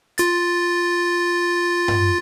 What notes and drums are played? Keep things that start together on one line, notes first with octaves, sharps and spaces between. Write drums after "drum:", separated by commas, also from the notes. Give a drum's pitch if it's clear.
F4 A6, drum: hi-hat
drum: tom G2